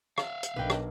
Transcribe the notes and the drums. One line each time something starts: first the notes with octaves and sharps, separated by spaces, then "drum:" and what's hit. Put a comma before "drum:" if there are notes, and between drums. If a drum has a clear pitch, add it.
E5 F5, drum: rim click
drum: hi-hat
B1 D4 A#4 B4 D#5 G5
drum: rim click